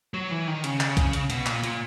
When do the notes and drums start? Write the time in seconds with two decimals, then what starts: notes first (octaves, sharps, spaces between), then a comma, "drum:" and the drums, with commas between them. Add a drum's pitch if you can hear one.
0.14 F#3
0.31 E3
0.47 D#3
0.64 C#3, drum: hi-hat
0.80 drum: clap
0.97 drum: kick B1, hi-hat
1.13 drum: hi-hat
1.30 B2, drum: hi-hat
1.46 A#2, drum: clap
1.64 A#2, drum: hi-hat